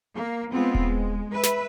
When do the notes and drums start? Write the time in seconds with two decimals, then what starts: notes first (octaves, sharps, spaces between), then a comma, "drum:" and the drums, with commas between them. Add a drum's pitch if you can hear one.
0.13 A#3
0.52 G#3 B3 C4 F4
0.75 drum: kick D#1
0.84 G#3
1.32 B4 E5
1.43 drum: snare